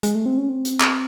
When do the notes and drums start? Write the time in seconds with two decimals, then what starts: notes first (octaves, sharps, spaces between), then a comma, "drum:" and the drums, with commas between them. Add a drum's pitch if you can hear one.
0.03 G#3, drum: hi-hat
0.15 A3
0.26 C4
0.37 C#4
0.49 C4
0.65 drum: hi-hat
0.80 drum: clap